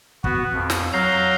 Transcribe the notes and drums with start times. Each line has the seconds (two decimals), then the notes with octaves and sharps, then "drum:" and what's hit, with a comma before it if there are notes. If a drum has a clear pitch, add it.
0.24 B3 F#4, drum: kick
0.53 F2
0.70 drum: snare
0.93 F#3 F5 A#5 G6